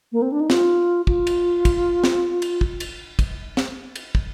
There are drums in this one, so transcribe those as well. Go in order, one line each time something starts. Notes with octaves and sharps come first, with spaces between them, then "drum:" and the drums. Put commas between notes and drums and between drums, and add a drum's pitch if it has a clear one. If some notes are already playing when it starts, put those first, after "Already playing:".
A#3
C4
D4
D#4
F4, drum: snare
F4, drum: kick
drum: cymbal
drum: kick, cymbal
drum: snare
drum: cymbal
drum: kick
drum: cymbal
drum: kick, cymbal
drum: snare
drum: cymbal
drum: kick